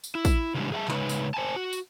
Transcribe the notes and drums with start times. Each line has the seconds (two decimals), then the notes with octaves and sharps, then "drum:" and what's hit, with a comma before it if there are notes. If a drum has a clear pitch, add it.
0.04 drum: tambourine
0.15 E4
0.25 drum: kick, tambourine
0.55 C#3 E3 G3 G#3 D4 G4
0.72 G#4 E5 F#5 A5
0.88 C#3 G#3 D#4 B4 C#5, drum: clap
1.09 drum: tambourine
1.34 C5 G#5 A5
1.56 F#4
1.73 drum: tambourine